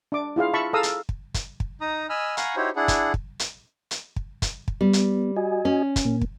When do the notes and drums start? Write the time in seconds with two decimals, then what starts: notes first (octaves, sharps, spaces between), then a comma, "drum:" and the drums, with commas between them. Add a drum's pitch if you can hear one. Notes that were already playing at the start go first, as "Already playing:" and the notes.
0.12 D4 D6
0.36 E4 F4 G#4 F5
0.53 E5 A5 B5 C#6
0.73 G#4 A4 F5 A#5 D#6 E6
0.83 drum: hi-hat
1.09 drum: kick
1.34 drum: kick, hi-hat
1.60 drum: kick
1.81 D#4 A#5 D#6
2.10 D#5 G#5 B5 E6 F6
2.37 F5 F#5 G#5 A#5 B5 C#6, drum: hi-hat
2.56 D#4 E4 F#4 G4 C5 C#5
2.76 D4 E4 G#4 F#5
2.88 drum: kick, hi-hat
3.14 drum: kick
3.39 drum: hi-hat
3.91 drum: hi-hat
4.16 drum: kick
4.42 drum: kick, hi-hat
4.68 drum: kick
4.81 G3 B3
4.93 drum: hi-hat
5.37 F#4 D#5 G#5
5.65 C#4
5.96 drum: kick, hi-hat
6.05 A#2 A#3
6.21 drum: kick